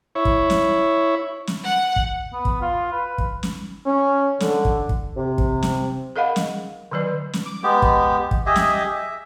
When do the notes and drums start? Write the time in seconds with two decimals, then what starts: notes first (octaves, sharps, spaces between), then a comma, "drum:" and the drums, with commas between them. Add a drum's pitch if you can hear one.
0.15 E4 C#5
0.25 drum: kick
0.50 drum: snare
1.47 drum: snare
1.64 F#5
1.96 drum: kick
2.33 B3
2.45 drum: kick
2.62 F4
2.92 B4
3.18 drum: kick
3.43 drum: snare
3.86 C#4
4.40 D3, drum: snare
4.65 drum: kick
4.89 drum: kick
5.16 C3
5.38 drum: kick
5.63 drum: snare
6.16 G#4 A#4 D#5 F5 F#5 B5
6.36 drum: snare
6.91 D3 D#3 F#3 B4 D5
7.33 drum: snare
7.46 D6
7.63 G#3 B3 G4
7.82 drum: kick
8.31 drum: kick
8.46 G4 G#4 D#5 E5
8.56 drum: snare
8.95 E5